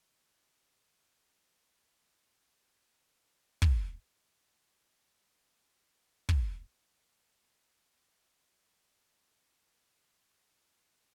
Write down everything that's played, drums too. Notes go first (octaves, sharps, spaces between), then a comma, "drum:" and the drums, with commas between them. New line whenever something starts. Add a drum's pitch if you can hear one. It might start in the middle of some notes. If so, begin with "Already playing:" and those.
E3 D7
D#5
F1 C3 G#3 D#7
D#3 D#4 F5 A#5 C#7
G#3 C#4 F#4 D#6
A3 B3 C#4 D#4 E4 G#4
D4 B5
A#4 C6 D#6
B3 E4 C#5 D5 B5 F6
C4 C#5
E2 F#3 G3 D4 A#4 C#5 D#5 D6
drum: kick
F#3 C5
drum: kick
G2 E5
C#6
A#3
C#4
A4
G3
A#3
F#4
G#4
E5
G4
C#5
D4
G4